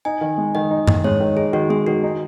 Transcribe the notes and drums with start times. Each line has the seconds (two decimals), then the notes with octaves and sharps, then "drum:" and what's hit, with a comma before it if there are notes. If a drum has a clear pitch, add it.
0.05 D#4 G#5
0.21 D#3
0.38 G#3
0.55 D#3 D#5
0.71 D#4
0.87 D#3, drum: tom G2
1.04 G#3 C#5
1.20 D#3
1.37 D#4 G#4
1.53 D#3 F#4
1.70 G#3 G#4
1.87 D#3 F#4
2.03 D#4